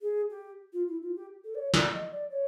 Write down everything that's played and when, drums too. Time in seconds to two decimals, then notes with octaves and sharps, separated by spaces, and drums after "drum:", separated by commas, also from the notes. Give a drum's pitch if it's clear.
0.02 G#4
0.30 G4
0.73 F4
0.88 E4
1.02 F4
1.16 G4
1.44 A4
1.55 D5
1.59 C#5
1.74 D5, drum: snare
1.92 D#5
2.11 D5
2.30 C#5